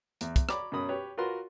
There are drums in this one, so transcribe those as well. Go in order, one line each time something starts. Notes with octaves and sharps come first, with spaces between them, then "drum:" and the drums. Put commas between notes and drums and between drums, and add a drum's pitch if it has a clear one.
E2, drum: hi-hat
drum: kick, hi-hat
C#5 D5 A#5 B5 D6, drum: rim click
F#2 B2 F#3 A#4 B5 D#6
G4 B4 C#5
F4 F#4 A#4 B4 C6